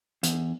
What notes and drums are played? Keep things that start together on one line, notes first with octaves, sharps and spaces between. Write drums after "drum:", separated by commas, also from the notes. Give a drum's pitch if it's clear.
E2, drum: hi-hat